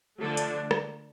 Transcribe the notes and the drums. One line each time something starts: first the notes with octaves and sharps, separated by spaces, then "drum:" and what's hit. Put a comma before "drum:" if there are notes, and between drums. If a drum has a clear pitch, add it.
D3 F3 A3 D4 A4
drum: hi-hat
drum: rim click